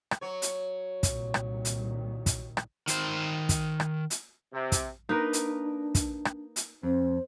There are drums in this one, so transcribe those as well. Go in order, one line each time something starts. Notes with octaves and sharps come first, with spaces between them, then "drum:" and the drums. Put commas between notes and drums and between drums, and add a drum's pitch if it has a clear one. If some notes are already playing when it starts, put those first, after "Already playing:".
drum: rim click
F#3 C#5
drum: hi-hat
C2 A#2 D#3, drum: kick, hi-hat
drum: rim click
drum: hi-hat
drum: kick, hi-hat
drum: rim click
D#3 C5, drum: hi-hat
drum: kick, hi-hat
drum: rim click
drum: hi-hat
C3
drum: kick, hi-hat
A#3 D4 D#4 A#4 B4
drum: hi-hat
drum: kick, hi-hat
drum: rim click
drum: hi-hat
F2 C4 C5